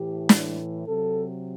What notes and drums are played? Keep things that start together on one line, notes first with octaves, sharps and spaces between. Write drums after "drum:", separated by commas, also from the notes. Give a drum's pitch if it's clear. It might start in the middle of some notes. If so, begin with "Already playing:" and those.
Already playing: A2 E3 G4
drum: snare
C3 F#3 A4